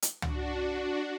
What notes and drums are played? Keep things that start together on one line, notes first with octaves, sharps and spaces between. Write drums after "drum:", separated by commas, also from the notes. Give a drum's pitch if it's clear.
drum: hi-hat
D4 F#4, drum: tom